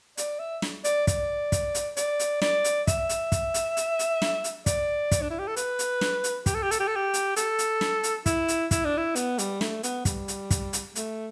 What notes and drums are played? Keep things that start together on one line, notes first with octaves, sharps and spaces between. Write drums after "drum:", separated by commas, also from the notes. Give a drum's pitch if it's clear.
D5, drum: hi-hat
E5
drum: snare
D5, drum: hi-hat
D5, drum: kick, hi-hat
drum: kick, hi-hat
drum: hi-hat
D5, drum: hi-hat
drum: hi-hat
D5, drum: snare
drum: hi-hat
E5, drum: kick, hi-hat
drum: hi-hat
drum: kick, hi-hat
drum: hi-hat
drum: hi-hat
drum: hi-hat
drum: snare
drum: hi-hat
D5, drum: kick, hi-hat
drum: kick, hi-hat
D4
E4
G4
A4
B4, drum: hi-hat
drum: hi-hat
drum: snare
drum: hi-hat
G4, drum: kick, hi-hat
A4
G4
A4, drum: hi-hat
G4
A4
G4
drum: hi-hat
A4, drum: hi-hat
drum: hi-hat
drum: snare
drum: hi-hat
E4, drum: kick, hi-hat
drum: hi-hat
E4, drum: kick, hi-hat
D4
E4
B3, drum: hi-hat
G3, drum: hi-hat
A3, drum: snare
B3, drum: hi-hat
G3, drum: kick, hi-hat
drum: hi-hat
drum: kick, hi-hat
drum: hi-hat
A3, drum: hi-hat